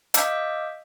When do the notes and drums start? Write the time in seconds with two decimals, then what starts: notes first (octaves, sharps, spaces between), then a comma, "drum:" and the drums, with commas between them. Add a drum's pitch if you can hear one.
0.14 D#5 F5 D6 E6 G6 B6, drum: hi-hat